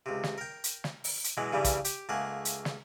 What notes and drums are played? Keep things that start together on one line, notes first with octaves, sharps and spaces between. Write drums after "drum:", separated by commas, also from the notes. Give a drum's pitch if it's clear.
C#2 C3
drum: snare
A#4 G5
drum: hi-hat
drum: snare
drum: open hi-hat
drum: hi-hat
B2 E3 F#3 G#3
G2 C#3 E3 G3
drum: kick, hi-hat
G4, drum: hi-hat
C#2 A3 A#3 G#4 F#5
drum: hi-hat
drum: snare